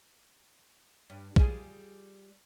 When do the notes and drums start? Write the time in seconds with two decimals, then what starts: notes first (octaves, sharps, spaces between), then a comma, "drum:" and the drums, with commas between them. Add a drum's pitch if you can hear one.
1.10 G2
1.36 G3 F4 G#4, drum: kick A#1